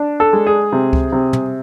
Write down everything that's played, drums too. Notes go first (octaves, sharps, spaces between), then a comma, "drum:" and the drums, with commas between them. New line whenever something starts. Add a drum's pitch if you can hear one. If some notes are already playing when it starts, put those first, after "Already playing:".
Already playing: D4
A4
G#3
G#4
C3
drum: kick C#2
C3
drum: tom